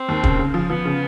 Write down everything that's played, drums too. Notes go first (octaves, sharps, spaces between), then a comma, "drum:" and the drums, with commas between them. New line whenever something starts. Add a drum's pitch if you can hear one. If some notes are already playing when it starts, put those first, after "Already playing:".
Already playing: C4
D#2
C#3, drum: kick
C#3
F3
F3 B3
C#3